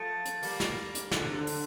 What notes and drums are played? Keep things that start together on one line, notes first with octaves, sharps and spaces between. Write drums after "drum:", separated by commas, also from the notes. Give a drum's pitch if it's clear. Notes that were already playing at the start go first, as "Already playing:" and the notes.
Already playing: F3 A3
drum: hi-hat
G3 A#3, drum: open hi-hat
drum: snare
drum: hi-hat
D3, drum: snare
C3
D3
drum: open hi-hat